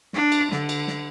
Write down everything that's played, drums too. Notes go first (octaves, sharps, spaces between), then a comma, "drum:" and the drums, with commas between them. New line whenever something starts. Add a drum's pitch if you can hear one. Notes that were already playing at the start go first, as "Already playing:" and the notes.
D4, drum: snare
drum: cymbal
D3, drum: snare
drum: cymbal
drum: snare